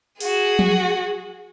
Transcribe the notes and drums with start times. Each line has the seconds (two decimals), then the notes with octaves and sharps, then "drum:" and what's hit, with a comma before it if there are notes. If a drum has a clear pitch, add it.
0.20 F#4 G#4, drum: open hi-hat
0.59 drum: tom F3